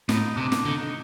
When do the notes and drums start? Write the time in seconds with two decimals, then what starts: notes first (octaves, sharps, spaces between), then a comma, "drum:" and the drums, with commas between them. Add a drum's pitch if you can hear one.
0.09 A2 D#4, drum: snare
0.37 C3 D4
0.52 drum: snare
0.65 D3 D#4